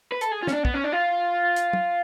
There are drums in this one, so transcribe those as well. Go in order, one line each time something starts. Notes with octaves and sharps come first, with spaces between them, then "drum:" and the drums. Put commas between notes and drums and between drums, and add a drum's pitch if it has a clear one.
B4
A4, drum: hi-hat
G#4
F4
C#4, drum: snare
D4
B3, drum: kick
C#4
D4
F4
drum: hi-hat
drum: tom